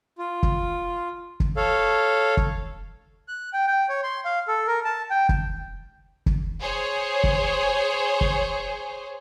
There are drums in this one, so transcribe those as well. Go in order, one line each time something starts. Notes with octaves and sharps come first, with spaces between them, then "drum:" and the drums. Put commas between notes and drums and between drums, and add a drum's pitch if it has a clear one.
F4
drum: kick
drum: kick
A4 C#5 F5
drum: kick
F#6
G5
G5
C#5
C6
F5
A4
A#4
A5
G5
drum: kick
drum: kick
G#4 C5 C#5
drum: kick
drum: kick